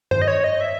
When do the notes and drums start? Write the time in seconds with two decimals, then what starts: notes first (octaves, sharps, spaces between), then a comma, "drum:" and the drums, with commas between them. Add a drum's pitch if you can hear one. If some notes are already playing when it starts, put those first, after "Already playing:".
0.11 C5, drum: tom G2
0.22 D#5
0.28 C#5
0.44 D#5
0.61 E5